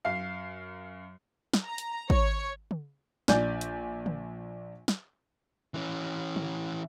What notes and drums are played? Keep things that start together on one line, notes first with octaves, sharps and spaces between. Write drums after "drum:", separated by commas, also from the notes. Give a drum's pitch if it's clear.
F#2 F5 C7
drum: snare
A#5
drum: hi-hat
C#5, drum: kick
drum: tom
A#1 D4 D5 G#5 G6, drum: snare
drum: hi-hat
drum: tom
drum: snare
E3 C#4
drum: tom